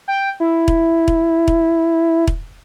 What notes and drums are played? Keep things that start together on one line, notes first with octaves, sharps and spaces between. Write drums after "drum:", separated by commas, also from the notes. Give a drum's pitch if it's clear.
G5
E4
drum: kick E1
drum: kick E1
drum: kick E1
drum: kick E1